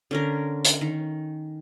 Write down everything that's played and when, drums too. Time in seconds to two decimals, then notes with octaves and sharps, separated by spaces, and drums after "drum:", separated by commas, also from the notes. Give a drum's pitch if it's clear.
0.11 D3 C#4 A#4
0.65 drum: hi-hat
0.81 D#3